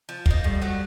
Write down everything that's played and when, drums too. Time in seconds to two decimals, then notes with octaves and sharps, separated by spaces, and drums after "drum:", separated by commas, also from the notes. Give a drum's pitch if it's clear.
0.09 F3
0.26 A#3 D#4, drum: kick
0.43 A2 G3
0.62 F#3 A3